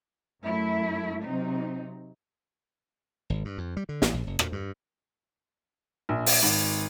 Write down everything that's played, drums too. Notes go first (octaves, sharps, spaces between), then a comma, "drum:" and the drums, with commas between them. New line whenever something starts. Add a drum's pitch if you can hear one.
F#2 A3 E4
C3 F#3 C4 D#4
G#1
G2
F2
G3
D3
A1, drum: snare
A#1
F#1
A#2, drum: rim click
G2
A#1
drum: open hi-hat
G#1